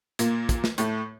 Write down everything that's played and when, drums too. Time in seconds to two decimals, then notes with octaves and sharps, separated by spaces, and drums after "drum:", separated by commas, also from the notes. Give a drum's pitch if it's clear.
0.19 A#2 A#3, drum: hi-hat
0.49 drum: kick, hi-hat
0.64 drum: snare
0.78 A2 A3, drum: hi-hat